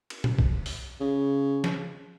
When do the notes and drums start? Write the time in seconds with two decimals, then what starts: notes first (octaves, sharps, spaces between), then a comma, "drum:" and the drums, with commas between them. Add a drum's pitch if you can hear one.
0.10 drum: cymbal
0.24 drum: tom A#2
0.39 drum: kick
0.66 drum: open hi-hat
1.00 C#3
1.64 drum: snare